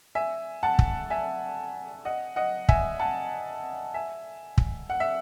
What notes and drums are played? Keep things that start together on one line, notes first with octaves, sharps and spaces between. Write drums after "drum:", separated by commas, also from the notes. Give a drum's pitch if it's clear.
E5 G#5
F#5 A5
drum: kick
E5 G#5
D#5 F#5
D#5 F#5
E5 G#5, drum: kick
F#5 A5
E5 G#5
drum: kick
F#5
E5